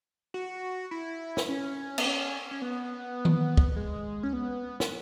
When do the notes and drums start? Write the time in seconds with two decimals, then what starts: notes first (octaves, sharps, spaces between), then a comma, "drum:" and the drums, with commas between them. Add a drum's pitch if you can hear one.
0.34 F#4
0.91 E4
1.37 drum: snare
1.48 C#4
1.98 B3, drum: cymbal
2.05 C#4
2.51 C#4
2.62 B3
3.25 drum: tom D#3
3.57 drum: kick
3.76 G#3
4.23 C#4
4.33 B3
4.80 B3, drum: snare